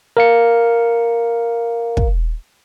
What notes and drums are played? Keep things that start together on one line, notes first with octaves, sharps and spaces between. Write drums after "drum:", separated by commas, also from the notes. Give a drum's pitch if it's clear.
A#4 F5 C#7
drum: kick